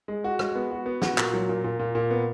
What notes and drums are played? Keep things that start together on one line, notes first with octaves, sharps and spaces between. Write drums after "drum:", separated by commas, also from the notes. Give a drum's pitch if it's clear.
G#3
F#4
G#3, drum: rim click
B3
F#4
B3
F#4, drum: snare
A#2, drum: clap
F#3
A#2
A#2
A#2
A#2
B3